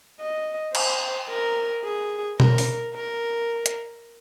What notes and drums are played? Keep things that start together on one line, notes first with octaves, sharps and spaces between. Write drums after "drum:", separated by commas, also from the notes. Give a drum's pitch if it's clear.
D#5
C5, drum: cymbal
A#4
G#4
A#4, drum: tom B2
drum: open hi-hat
A#4
drum: hi-hat